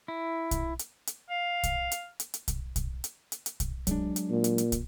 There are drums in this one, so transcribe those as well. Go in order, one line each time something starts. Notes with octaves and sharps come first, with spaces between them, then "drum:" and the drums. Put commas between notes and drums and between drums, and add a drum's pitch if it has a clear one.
E4
drum: kick, hi-hat
drum: hi-hat
drum: hi-hat
F5
drum: kick, hi-hat
drum: hi-hat
drum: hi-hat
drum: hi-hat
drum: kick, hi-hat
drum: kick, hi-hat
drum: hi-hat
drum: hi-hat
drum: hi-hat
drum: kick, hi-hat
F#3 G#3 D4, drum: kick, hi-hat
drum: hi-hat
A#2
drum: hi-hat
drum: hi-hat
drum: kick, hi-hat